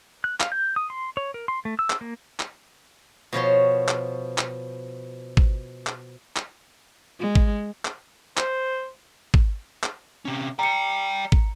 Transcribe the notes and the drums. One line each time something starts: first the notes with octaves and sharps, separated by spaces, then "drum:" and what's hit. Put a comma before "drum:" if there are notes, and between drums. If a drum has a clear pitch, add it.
F#6
F5, drum: clap
G6
D#6
C6
C#5
A#4
C6
A3
E6
drum: clap
A#3
drum: clap
B2 F3 C#5 C6
drum: clap
drum: clap
drum: kick
drum: clap
drum: clap
G#3
drum: kick
drum: clap
C5, drum: clap
drum: kick
drum: clap
C3 C#4
D5 G5 A#5 C#7
drum: kick